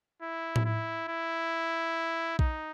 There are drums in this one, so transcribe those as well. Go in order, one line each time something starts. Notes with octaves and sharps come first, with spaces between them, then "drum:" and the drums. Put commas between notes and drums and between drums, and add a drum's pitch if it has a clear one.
E4
drum: tom A2
E4
E4
D#4, drum: kick A#1